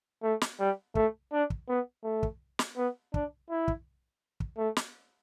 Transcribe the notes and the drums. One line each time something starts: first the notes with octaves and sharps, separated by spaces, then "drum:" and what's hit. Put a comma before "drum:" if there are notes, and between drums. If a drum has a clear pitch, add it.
A3
drum: snare
G3
A3, drum: kick
D4
drum: kick
B3
A3
drum: kick
drum: snare
B3
D4, drum: kick
E4
drum: kick
drum: kick
A3
drum: snare